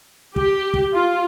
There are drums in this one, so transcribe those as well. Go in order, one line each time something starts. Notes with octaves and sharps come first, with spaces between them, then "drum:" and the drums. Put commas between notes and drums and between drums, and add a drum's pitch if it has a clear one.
G4, drum: kick
drum: kick
F4